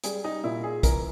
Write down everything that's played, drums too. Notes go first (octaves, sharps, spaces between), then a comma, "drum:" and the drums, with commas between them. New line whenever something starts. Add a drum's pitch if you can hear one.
G3 G#4, drum: hi-hat
D#4
A#2 E4
G#4
E3 A#4, drum: kick, hi-hat